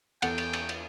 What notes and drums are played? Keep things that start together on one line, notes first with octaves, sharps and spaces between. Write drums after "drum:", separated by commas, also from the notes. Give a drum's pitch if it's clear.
E2 A4 F#5 G5, drum: cymbal
drum: cymbal
drum: cymbal
drum: cymbal